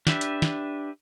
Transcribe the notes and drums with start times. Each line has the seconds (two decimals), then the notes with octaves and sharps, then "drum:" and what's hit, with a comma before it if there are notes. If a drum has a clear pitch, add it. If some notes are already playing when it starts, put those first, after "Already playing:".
0.07 D4 G4 B4 E5, drum: snare
0.21 drum: hi-hat
0.42 drum: snare